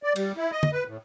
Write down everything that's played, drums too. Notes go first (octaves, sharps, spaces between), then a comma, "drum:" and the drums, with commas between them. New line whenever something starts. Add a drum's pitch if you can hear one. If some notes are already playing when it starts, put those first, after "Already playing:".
D5
G3, drum: cymbal
E4
D#5
drum: tom
B4
A2